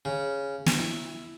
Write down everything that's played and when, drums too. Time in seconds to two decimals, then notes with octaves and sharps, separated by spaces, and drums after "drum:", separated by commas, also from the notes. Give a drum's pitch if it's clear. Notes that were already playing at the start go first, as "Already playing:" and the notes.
0.05 C#3
0.66 drum: snare
0.79 E4